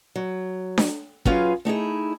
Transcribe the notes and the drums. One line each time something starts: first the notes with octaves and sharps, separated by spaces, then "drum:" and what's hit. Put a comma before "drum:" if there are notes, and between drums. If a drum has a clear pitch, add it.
F#3
drum: snare D4
F#3 C#4 F4 G#4 B4 F5, drum: kick
A3 D#4 E4 G#4